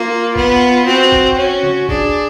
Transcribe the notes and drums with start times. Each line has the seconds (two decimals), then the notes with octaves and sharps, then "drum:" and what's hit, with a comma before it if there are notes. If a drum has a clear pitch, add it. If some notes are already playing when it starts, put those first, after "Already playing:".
Already playing: A#3 F4
0.36 B3, drum: kick F#1
0.86 C4 F#4
1.12 drum: kick F#1
1.38 C#4
1.63 drum: tom C#3
1.89 D4 G#4, drum: kick F#1